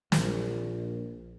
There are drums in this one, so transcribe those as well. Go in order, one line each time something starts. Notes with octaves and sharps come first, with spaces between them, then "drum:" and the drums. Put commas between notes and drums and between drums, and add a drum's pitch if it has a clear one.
A#1, drum: snare